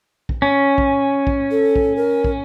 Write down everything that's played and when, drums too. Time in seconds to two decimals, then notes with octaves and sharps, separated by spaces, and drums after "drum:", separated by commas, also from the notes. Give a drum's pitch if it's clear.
0.29 drum: kick
0.42 C#4
0.78 drum: kick
1.27 drum: kick
1.51 A4
1.76 drum: kick
1.96 A#4
2.24 drum: kick